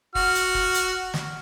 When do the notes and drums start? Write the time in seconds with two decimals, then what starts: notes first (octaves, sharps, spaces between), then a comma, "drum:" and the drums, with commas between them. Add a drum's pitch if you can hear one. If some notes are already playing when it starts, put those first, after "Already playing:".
0.15 F#4 F6, drum: kick
0.35 drum: hi-hat
0.55 drum: kick
0.74 drum: hi-hat
1.14 drum: snare